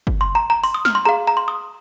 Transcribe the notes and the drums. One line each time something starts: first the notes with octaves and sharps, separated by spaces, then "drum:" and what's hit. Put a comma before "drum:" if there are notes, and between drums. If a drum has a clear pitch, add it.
drum: kick
C6
A#5
A#5
C6, drum: open hi-hat
D#6
F6, drum: snare
C6
G#4 F5 A#5
A#5
C6
D#6